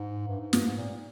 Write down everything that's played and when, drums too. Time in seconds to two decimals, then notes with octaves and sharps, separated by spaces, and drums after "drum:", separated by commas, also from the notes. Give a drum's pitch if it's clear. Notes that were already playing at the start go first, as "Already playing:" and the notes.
Already playing: G#2
0.27 G2
0.40 G#2
0.53 G2, drum: snare
0.66 G#2
0.77 A#2